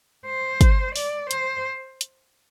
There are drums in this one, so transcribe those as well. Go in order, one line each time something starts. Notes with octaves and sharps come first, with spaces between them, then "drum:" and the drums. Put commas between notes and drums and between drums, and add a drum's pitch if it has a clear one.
C5
drum: kick, hi-hat
D5, drum: open hi-hat
C5, drum: hi-hat
drum: hi-hat